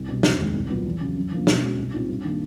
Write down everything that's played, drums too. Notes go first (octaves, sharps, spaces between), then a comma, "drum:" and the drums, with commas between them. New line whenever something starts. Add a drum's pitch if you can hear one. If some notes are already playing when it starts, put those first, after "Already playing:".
Already playing: C2
B2 G3
F1, drum: snare
D#2 D#3 G#3
C2
A#2 F#3 B3
E2
C#3 F#3
F#2
D3 F3 A#3 D4
B2, drum: snare
G#3 C#4 F#4
C2
A#2 G3 C4 D#4
G2
D#3 G3 A#3 D4